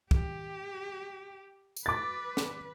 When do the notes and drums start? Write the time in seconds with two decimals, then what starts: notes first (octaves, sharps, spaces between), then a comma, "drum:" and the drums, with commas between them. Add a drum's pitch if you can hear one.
0.11 G4, drum: kick
1.77 drum: tambourine
1.86 B4 D6 A6
2.37 drum: snare